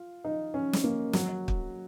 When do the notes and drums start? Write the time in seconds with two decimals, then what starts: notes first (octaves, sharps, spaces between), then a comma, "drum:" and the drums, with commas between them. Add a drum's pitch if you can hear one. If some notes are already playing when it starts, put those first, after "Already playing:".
Already playing: F4
0.24 D#4
0.54 C#4
0.73 drum: snare
0.84 A#3
1.13 F#3, drum: snare
1.48 drum: kick